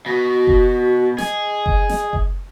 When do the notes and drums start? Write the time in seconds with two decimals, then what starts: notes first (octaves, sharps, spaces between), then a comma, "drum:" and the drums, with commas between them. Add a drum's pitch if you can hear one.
0.06 B2 F#4
0.47 drum: kick F#1
1.18 G#4 D#5, drum: snare
1.66 drum: kick F#1
1.89 drum: snare
2.13 drum: kick F#1